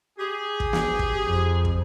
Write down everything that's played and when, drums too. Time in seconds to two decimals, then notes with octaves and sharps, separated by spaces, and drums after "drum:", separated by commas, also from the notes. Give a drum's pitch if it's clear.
0.19 G4 G#4
0.60 drum: kick
0.73 drum: snare
0.99 drum: kick
1.25 F2
1.65 drum: kick